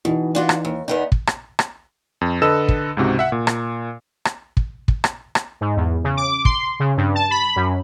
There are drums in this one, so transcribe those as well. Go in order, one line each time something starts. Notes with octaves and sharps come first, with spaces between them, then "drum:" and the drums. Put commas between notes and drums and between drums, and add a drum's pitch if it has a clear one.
B2 E3 D#4
D4 F4 F#4
drum: rim click
D#2
E2 B3 D#4
drum: kick
drum: rim click
drum: rim click
F2
D3 A4 B4 D#5 E6 E7
drum: kick
C#2 G#2 C3 F#4
E5 F#5
A#2
drum: rim click
drum: rim click
drum: kick
drum: kick
drum: rim click
drum: rim click
G#2
E2
C#3
D6
C6, drum: kick
C#3
G2
A5
B5
F#2